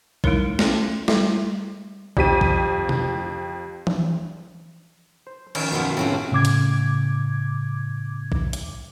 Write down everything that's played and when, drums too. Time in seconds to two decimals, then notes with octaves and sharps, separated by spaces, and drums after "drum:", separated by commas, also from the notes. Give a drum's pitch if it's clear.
0.24 G3 A3 D#4 E4 A#4 C#5, drum: kick
0.59 G#3 C#4 E4 A4 D5, drum: snare
1.08 G3 A3, drum: snare
2.17 F2 G4 B6 D#7, drum: kick
2.41 drum: kick
2.89 drum: tom
3.87 drum: tom E3
5.27 C5
5.55 D#3 F3 C#4, drum: cymbal
5.72 F#2 B2 B3 C5
5.97 C#2 A2 C4 C#4 F#4
6.32 A2 C#3 D6 G#6
6.45 drum: hi-hat
8.32 drum: kick
8.53 drum: hi-hat